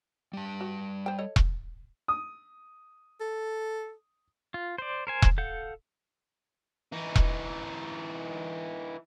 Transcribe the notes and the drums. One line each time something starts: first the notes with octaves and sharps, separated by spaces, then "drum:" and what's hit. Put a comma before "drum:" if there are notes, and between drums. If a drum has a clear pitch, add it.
G3 A5
F#4
C5 G5
A4 C#5 D#5
drum: kick E1
D#6
A4
F4
C5 D5
A#4 C5 G#5
drum: kick E1
A4 F5 F#5 G6
E3 D#4
drum: kick E1